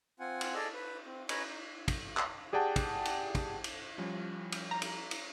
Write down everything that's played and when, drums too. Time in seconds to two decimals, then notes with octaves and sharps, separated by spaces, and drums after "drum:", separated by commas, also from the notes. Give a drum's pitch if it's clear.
0.20 C4 F4 F#5 G#5
0.41 drum: cymbal
0.55 G#4 A4 D5 D#5 E6 F6
0.74 B4
1.06 C4
1.29 B4 C#5 D#5 G#5 A#5 B5, drum: cymbal
1.49 D#4
1.88 drum: kick, cymbal
2.17 drum: clap
2.53 G4 G#4 D5 F#5 G5 A5
2.76 drum: kick, cymbal
3.05 drum: cymbal
3.35 drum: kick, cymbal
3.64 drum: cymbal
3.98 F3 G3 C#4
4.52 drum: cymbal
4.71 A#5
4.82 drum: cymbal
5.11 drum: cymbal